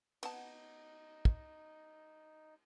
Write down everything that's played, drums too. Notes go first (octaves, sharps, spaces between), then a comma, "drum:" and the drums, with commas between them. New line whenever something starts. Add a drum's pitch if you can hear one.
B3 D#4 F#5 A5, drum: cymbal
drum: kick